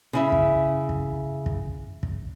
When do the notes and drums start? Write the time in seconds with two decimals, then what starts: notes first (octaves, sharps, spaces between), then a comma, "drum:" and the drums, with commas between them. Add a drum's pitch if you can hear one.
0.13 C#3 E4 E5
0.32 drum: kick
0.89 drum: kick
1.46 drum: kick
2.03 drum: kick